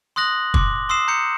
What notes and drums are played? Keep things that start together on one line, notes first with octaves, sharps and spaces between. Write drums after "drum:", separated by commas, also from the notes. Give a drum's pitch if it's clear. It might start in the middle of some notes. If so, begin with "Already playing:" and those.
C6 D#6 F#6 A#6 F#7
C6 D6, drum: kick
C6 D#6 E6 C7 E7
A#5 G6 C#7